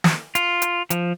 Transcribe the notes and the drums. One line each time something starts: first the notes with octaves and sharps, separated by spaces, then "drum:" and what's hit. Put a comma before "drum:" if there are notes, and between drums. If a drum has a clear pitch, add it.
drum: snare
F4, drum: hi-hat
drum: hi-hat
F3, drum: hi-hat